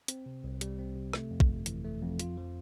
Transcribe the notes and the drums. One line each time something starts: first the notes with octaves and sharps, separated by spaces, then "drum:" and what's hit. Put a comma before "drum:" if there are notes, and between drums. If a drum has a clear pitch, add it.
C4, drum: hi-hat
C3
C2
G3, drum: hi-hat
C4
C3
A3, drum: rim click
F2
drum: kick
G1
E3, drum: hi-hat
A3
F2
F4, drum: hi-hat
F3